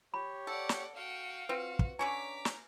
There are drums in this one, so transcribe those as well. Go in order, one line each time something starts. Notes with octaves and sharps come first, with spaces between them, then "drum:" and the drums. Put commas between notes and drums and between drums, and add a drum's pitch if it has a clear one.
G4 C#5 B5
A4 D5 F#5
drum: snare
F#4 F5 G5
C4 F4 F#4 B4
drum: kick
D3 C#4 C#5 G#5 A#5 D6 B6
drum: snare